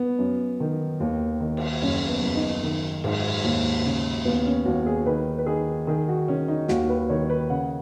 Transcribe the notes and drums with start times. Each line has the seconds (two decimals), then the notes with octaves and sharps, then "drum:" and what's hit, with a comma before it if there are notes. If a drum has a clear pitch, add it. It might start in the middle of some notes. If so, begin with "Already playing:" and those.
Already playing: B3
0.19 F#2
0.60 D#3
1.00 D#2
1.40 D#3
1.57 drum: cymbal
1.82 F#1 C#4
2.08 B3
2.22 F#1
2.35 D#4
2.63 D#3
3.04 G#2, drum: cymbal
3.44 D#2
3.85 C#3
4.25 D#2 B3
4.46 C#4
4.65 D#2 F#4
4.86 G#4
5.06 D#3 B4
5.38 B4
5.46 D#3 G#4
5.87 D#3 G#4
6.08 F#4
6.28 D#3 C#4
6.48 D#4
6.68 D#2 F#4, drum: snare
6.89 B4
7.09 D#3 C#5
7.30 B4
7.50 C#3 F#5